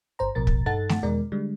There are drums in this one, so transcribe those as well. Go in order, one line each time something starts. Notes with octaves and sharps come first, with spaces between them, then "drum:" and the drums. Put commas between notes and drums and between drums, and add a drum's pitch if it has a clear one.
G1 G2 C5 A#5
A1 B2 F3 A#4 A6
drum: kick
G2 D#4 A4 F#5 A6
drum: snare A3
E2 B2 D#3 G#3 A#4 D5
D3 G3 G#3